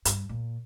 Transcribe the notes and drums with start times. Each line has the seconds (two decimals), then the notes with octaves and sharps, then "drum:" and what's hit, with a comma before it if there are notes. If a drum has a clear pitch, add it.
0.05 G2, drum: hi-hat
0.29 A#2